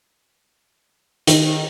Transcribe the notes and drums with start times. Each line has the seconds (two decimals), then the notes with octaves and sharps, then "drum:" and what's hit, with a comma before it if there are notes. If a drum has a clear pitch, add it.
1.27 D#3, drum: hi-hat